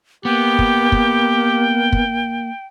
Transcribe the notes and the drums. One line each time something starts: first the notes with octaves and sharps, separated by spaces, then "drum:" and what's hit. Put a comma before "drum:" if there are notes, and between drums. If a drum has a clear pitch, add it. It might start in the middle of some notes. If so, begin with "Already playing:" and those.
A#3 B3 G4 G5
drum: kick
drum: kick
drum: kick